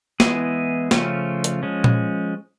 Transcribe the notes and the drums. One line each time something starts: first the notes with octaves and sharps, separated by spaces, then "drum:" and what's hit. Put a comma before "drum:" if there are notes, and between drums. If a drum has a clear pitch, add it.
E3 G#3 B3 E4 G#4, drum: snare
C#3 F3 A3 C#4 F4, drum: snare
drum: hi-hat
F3 G#3 C#4
drum: tom A#2